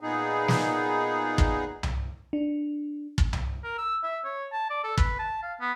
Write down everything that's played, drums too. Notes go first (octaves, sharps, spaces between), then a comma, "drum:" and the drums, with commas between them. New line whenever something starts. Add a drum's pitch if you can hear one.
A#2 B3 D#4 G#4
drum: snare
drum: kick
drum: tom C2
D4
drum: kick
drum: tom C2
A#4
E6
E5
C#5
A5
D5
A4
B4, drum: kick
A5
F5
B3